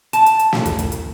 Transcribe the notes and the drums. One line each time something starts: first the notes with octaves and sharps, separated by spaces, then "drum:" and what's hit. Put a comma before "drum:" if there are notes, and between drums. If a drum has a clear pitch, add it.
A5, drum: hi-hat
drum: hi-hat
drum: hi-hat
drum: snare
drum: kick, hi-hat
drum: kick, hi-hat
drum: hi-hat